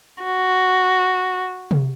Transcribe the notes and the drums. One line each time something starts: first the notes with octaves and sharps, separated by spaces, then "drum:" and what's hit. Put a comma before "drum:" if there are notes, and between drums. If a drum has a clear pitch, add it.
F#4
drum: tom C3